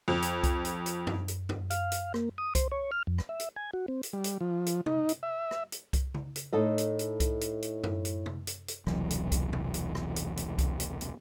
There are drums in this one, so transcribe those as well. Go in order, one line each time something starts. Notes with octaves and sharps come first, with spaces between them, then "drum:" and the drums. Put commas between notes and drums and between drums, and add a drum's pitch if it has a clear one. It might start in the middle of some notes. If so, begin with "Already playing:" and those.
F2
drum: hi-hat
drum: kick C2, hi-hat
drum: hi-hat
drum: hi-hat
drum: tom F#2
drum: hi-hat
drum: tom F#2
F5, drum: hi-hat
drum: hi-hat
A#3, drum: rim click
D#6
C5, drum: kick C2, hi-hat
C#5
F6
F2
drum: rim click
E5
drum: hi-hat
G#5
F#4
C4
drum: hi-hat
G3
drum: hi-hat
F3
drum: hi-hat
D#4, drum: tom
drum: hi-hat
E5
drum: rim click
drum: hi-hat
drum: kick C2, hi-hat
drum: tom C#3
drum: hi-hat
A2 D#4 A4 D#5
drum: hi-hat
drum: hi-hat
drum: kick C2, hi-hat
drum: hi-hat
drum: hi-hat
drum: tom F#2
drum: hi-hat
drum: tom
drum: hi-hat
drum: hi-hat
E1 C2 E3 F#3, drum: rim click
drum: hi-hat
drum: kick C2, hi-hat
drum: tom
drum: hi-hat
drum: rim click
drum: hi-hat
drum: hi-hat
drum: kick C2, hi-hat
drum: hi-hat
drum: hi-hat